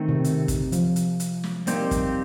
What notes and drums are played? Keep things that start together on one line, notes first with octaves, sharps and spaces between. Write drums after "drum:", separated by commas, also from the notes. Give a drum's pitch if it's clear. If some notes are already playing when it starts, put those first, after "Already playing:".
Already playing: D#3 A3 C4
C3
drum: hi-hat
drum: kick, hi-hat
F3, drum: hi-hat
drum: hi-hat
drum: hi-hat
drum: snare
G3 A#3 C4 D#4 G4 C5, drum: hi-hat
drum: kick, hi-hat